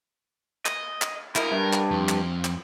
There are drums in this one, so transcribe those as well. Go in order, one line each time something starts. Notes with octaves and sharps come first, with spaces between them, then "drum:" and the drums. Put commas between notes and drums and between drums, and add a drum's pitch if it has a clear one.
D#5, drum: clap
drum: clap
E4 A#4 D#5, drum: clap
G2
drum: clap
F2
drum: clap
drum: clap